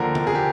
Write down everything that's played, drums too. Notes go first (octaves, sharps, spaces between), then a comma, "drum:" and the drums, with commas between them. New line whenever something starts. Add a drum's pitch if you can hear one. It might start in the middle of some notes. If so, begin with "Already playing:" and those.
Already playing: D#2 D3 F3 A#4
drum: tom D3
G#4
G4